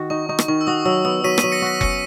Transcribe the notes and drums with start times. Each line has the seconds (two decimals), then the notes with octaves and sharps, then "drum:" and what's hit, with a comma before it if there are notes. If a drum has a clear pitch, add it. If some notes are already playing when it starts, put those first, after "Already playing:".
Already playing: D#3 F#4
0.10 D#4 C#6
0.29 D#4 C#6
0.39 drum: rim click
0.48 D#3 C#6
0.61 E6
0.67 F#4 D#6
0.85 F#3 E6
1.05 B3 E6
1.24 F#3 B6 D#7
1.38 B6 D#7, drum: rim click
1.43 F#3
1.52 A#6 C#7
1.62 F#4 B6
1.81 C#4 A#6 C#7, drum: kick F1